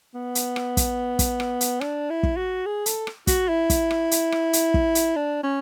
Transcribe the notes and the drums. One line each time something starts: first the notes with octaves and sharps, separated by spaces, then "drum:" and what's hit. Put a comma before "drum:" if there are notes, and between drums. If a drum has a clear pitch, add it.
B3
drum: hi-hat
drum: rim click
drum: kick, hi-hat
drum: kick, hi-hat
drum: rim click
drum: hi-hat
D4, drum: rim click
E4
drum: kick
F#4
G#4
A4, drum: hi-hat
drum: rim click
F#4, drum: kick, hi-hat
E4
drum: kick, hi-hat
drum: rim click
drum: hi-hat
drum: rim click
drum: hi-hat
drum: kick
drum: hi-hat
D4
C#4